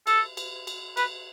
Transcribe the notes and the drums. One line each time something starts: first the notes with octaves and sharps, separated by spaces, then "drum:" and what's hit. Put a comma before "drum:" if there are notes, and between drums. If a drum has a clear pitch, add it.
A4, drum: cymbal
drum: cymbal
drum: cymbal
B4, drum: cymbal